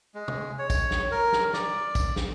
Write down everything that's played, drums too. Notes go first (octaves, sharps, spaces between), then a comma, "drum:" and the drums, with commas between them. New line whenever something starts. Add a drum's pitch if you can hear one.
G#3
drum: tom
C#5
drum: kick, tambourine
drum: snare
A#4
drum: snare
D5, drum: snare
drum: kick, tambourine
drum: snare